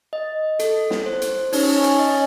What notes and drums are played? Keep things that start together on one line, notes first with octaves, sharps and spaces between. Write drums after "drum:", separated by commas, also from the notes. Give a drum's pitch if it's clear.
D#5
A4, drum: hi-hat
drum: snare
C5
drum: hi-hat
C#4 D#4, drum: open hi-hat
drum: hi-hat
D#5